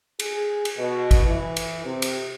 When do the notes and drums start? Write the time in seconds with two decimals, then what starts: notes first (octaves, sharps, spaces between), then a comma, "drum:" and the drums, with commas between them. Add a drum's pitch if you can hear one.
0.19 G#4, drum: cymbal
0.65 drum: cymbal
0.78 B2
1.11 drum: kick, cymbal
1.26 E3
1.56 drum: cymbal
1.85 C3
2.02 drum: cymbal